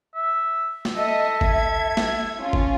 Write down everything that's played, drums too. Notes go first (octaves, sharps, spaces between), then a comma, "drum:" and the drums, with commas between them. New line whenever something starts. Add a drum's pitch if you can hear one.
E5
drum: snare
A4 D#5 E5
G#6, drum: kick G1
drum: snare
C#4 F4
drum: kick G1